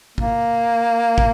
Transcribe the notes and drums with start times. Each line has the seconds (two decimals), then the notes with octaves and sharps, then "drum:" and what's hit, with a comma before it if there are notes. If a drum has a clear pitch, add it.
0.18 A#3, drum: kick
1.18 drum: kick